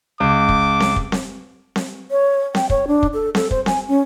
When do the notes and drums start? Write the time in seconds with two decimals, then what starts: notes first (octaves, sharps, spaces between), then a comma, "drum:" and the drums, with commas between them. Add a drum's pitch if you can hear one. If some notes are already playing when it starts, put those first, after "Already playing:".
0.20 C#2 D6
0.49 drum: kick
0.80 drum: snare C4
0.96 drum: kick
1.12 drum: snare C4
1.76 drum: snare C4
2.11 C#5
2.55 G5, drum: snare C4
2.70 C#5, drum: kick
2.88 D4
3.03 drum: kick
3.14 A4
3.35 A4, drum: snare C4
3.51 C5, drum: kick
3.66 G#5, drum: snare C4
3.89 C#4